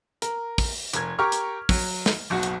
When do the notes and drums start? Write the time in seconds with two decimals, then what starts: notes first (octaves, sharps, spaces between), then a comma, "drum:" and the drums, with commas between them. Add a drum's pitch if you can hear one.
0.22 A#4, drum: hi-hat
0.58 drum: kick, open hi-hat
0.93 F1 A#4 G#6, drum: hi-hat
1.19 G4 A#4 A#5 C#6 F6
1.32 drum: hi-hat
1.69 F#3, drum: kick, open hi-hat
2.06 drum: snare
2.30 F#1 B1 F#4
2.43 drum: hi-hat